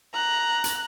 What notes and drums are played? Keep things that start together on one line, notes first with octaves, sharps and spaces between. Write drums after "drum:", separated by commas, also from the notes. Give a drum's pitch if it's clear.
A#5 F#6
drum: hi-hat